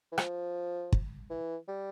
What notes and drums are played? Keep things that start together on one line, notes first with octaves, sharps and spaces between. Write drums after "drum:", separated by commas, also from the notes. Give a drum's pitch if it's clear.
E3
F3, drum: rim click
drum: kick
E3
G3